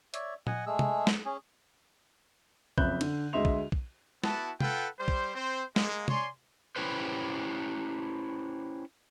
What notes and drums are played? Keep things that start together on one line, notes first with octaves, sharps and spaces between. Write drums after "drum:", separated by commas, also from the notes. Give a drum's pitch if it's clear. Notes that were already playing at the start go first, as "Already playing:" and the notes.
C#5 D5 E5, drum: hi-hat
D#5 F#5 G#5, drum: tom A#2
G#3 A3 G#4 E6
drum: tom C3
drum: snare
C#4 G#4
F#1 F2 E5 B5 F#6 G6, drum: kick
D3, drum: cymbal
D2 G#3 D#5 E5 C6 F7
drum: kick
drum: kick
B3 E4 F#4 A5, drum: snare
F4 A4 B4 F#5 G5, drum: tom C3
G3 C5
drum: kick
C4 C5
G#3 A#3, drum: snare
C#5 D5 G#5 C6, drum: tom C3
C#4 E4 G4 B4 C5